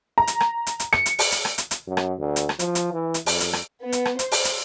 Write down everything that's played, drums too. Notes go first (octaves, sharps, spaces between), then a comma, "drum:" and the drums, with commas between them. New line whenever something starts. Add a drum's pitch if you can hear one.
A#5
drum: hi-hat
drum: rim click
drum: hi-hat
drum: hi-hat
C#7, drum: rim click
drum: hi-hat
drum: open hi-hat
drum: hi-hat
drum: rim click
drum: hi-hat
drum: hi-hat
F#2
drum: rim click
D2
drum: hi-hat
drum: rim click
F3, drum: hi-hat
drum: hi-hat
E3
drum: hi-hat
F2, drum: open hi-hat
drum: hi-hat
drum: rim click
B3
drum: hi-hat
drum: rim click
C5, drum: hi-hat
drum: open hi-hat
drum: hi-hat